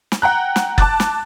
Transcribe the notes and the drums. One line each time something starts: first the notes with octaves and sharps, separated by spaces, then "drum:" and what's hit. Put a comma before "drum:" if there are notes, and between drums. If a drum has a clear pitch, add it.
drum: snare
F#5 G5 A#5 F#6
drum: snare
A5 D6 F#6 A6, drum: kick F#1
drum: snare